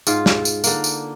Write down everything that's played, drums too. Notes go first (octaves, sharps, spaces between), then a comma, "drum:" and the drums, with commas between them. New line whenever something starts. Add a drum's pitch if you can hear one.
G#2 F4, drum: tambourine
drum: snare
drum: tambourine
D3 A#3, drum: tambourine
drum: tambourine